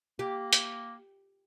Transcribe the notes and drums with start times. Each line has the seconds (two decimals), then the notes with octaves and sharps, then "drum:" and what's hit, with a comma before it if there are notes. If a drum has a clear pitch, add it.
0.19 A#3 G4
0.53 drum: hi-hat